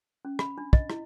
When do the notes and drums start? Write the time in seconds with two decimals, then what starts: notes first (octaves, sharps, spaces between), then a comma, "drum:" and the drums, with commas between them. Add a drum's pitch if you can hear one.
0.25 C#4
0.39 B5, drum: rim click
0.58 D4
0.73 D#5, drum: kick
0.90 E4, drum: rim click